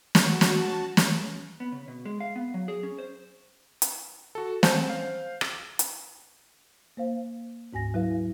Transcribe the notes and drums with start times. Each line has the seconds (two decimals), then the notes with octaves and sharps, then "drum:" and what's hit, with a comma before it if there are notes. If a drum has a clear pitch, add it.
0.15 F#4, drum: snare
0.41 drum: snare
0.52 A5
0.97 drum: snare
1.60 B3
1.72 C#3
1.88 B2
2.05 G#3
2.20 F5
2.36 B3
2.54 F#3
2.68 G#4
2.83 C#4
2.98 C5
3.82 drum: hi-hat
4.35 F#4 A4
4.63 C4 C5 F#5 G#5 A5 G6, drum: snare
4.89 F5
5.41 drum: rim click
5.79 drum: hi-hat
6.97 A#3 C5 F5
7.73 D2 G#2 G#5 A#6
7.94 F#3 E4 B4 F5